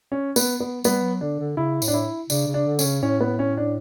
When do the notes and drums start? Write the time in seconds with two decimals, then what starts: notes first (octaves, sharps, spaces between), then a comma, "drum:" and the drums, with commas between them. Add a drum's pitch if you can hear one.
0.12 C#4
0.36 B3, drum: tambourine
0.60 B3
0.84 G3 B3, drum: tambourine
1.02 F#3
1.21 D3 D4
1.40 D3
1.57 C#3 E4
1.82 A2, drum: tambourine
1.88 D4
1.94 E4
2.30 C#3 D4, drum: tambourine
2.47 C#3
2.54 D4
2.66 D3
2.79 C#4, drum: tambourine
2.85 C#3
3.02 A2 C#4
3.20 B3
3.39 C#4
3.57 D4